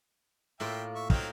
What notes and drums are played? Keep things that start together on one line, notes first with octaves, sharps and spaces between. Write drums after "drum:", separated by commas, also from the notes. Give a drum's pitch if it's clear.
A2 A#3 F4 E5 G5
E5 C#6
F#3 C4 D#4 F5 G5, drum: kick